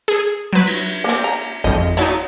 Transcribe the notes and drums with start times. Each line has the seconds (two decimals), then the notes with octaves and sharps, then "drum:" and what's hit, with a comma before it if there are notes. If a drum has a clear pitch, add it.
0.08 G#4
0.53 F#3 B4
0.67 drum: cymbal
1.04 A#3 C4
1.24 A#5
1.64 G#1 F2 D#5
1.97 F#3 D#4 E4 A5